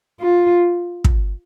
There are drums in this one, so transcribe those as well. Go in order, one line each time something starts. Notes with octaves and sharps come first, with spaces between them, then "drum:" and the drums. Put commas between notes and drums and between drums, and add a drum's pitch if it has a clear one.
F4
drum: kick